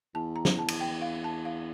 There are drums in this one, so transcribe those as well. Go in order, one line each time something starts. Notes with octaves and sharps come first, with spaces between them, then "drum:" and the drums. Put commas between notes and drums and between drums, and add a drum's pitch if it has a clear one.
E2 A5
A#5
drum: snare
A5
drum: cymbal
G5
F5
A5
F5